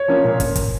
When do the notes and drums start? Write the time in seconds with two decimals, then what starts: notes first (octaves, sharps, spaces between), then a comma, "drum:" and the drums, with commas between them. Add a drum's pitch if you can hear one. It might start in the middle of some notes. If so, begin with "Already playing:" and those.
Already playing: C#5
0.08 F3 A#3 C#4
0.24 A#2
0.40 drum: kick, hi-hat
0.56 drum: kick, hi-hat